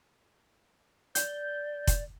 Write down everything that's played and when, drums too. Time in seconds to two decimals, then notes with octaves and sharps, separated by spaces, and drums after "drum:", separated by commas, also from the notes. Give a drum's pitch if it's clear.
1.15 D5 G6, drum: hi-hat
1.87 drum: kick F1, hi-hat